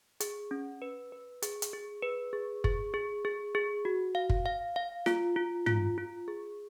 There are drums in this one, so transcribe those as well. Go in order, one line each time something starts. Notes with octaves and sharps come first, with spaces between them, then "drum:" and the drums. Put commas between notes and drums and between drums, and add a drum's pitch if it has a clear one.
G#4, drum: hi-hat
C#4
B4
B4
G#4, drum: hi-hat
drum: hi-hat
G#4
B4
G#4
G#4, drum: kick
G#4
G#4
G#4
F#4
F5
drum: kick
F5
F5
F4, drum: snare
F4
F4, drum: tom
F4
G#4